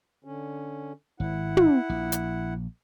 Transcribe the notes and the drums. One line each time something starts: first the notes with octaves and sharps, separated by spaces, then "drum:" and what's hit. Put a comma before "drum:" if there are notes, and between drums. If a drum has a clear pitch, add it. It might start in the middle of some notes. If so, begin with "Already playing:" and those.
D3 C#4
G#1 E4 F#5
drum: tom
A#1
drum: hi-hat